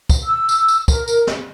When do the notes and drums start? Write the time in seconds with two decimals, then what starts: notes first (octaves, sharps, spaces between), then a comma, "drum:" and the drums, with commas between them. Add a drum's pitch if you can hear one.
0.09 drum: kick, tambourine
0.25 E6
0.49 drum: tambourine
0.68 drum: tambourine
0.88 A#4, drum: kick, tambourine
1.08 drum: tambourine
1.27 drum: snare